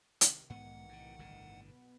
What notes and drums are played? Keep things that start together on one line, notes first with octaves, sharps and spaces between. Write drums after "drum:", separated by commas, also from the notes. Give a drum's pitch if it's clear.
C3 D#3, drum: hi-hat
B1 G#2 D#3 E3 B3 F#5
A2 C3
G1 A2 D3
B2 B3